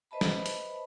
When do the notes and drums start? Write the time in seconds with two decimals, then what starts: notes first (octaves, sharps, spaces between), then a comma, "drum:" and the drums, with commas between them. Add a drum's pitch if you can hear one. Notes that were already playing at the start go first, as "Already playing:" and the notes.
0.11 B4 C5 D#5 E5 A5 B5
0.21 drum: snare
0.46 drum: hi-hat